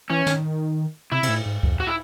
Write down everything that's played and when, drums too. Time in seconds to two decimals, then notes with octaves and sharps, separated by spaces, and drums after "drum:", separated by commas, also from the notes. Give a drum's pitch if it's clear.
0.10 E3 C#4
0.26 D#3, drum: snare
1.12 C3 E4
1.23 C3, drum: cymbal
1.29 A2
1.46 G#2
1.63 F#2, drum: kick C#2
1.71 E2
1.80 F#4
1.87 E4